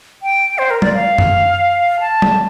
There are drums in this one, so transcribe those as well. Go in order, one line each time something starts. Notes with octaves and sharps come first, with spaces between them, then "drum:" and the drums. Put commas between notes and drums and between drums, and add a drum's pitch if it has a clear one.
G5
C5
A#4
D5, drum: tom F#3
F5
drum: tom F#2
A5
drum: tom F#3